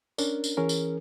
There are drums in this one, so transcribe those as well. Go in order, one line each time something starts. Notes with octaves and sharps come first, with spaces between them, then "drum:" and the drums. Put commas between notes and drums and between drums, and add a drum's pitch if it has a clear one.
C#4 D4 A#4, drum: tambourine
drum: tambourine
E3 C#4 G#4 A#4
drum: tambourine